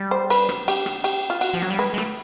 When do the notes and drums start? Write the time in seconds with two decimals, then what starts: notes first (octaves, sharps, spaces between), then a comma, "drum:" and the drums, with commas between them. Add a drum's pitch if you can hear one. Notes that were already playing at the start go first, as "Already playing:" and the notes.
Already playing: G3
0.11 C5
0.30 B4, drum: cymbal
0.49 drum: rim click
0.68 G4, drum: cymbal
0.86 drum: rim click
1.04 G4, drum: cymbal
1.30 F4
1.41 F#4, drum: cymbal
1.54 F3
1.62 F#3, drum: rim click
1.70 G3
1.79 G#3 B4
1.94 G#3
1.98 A3, drum: rim click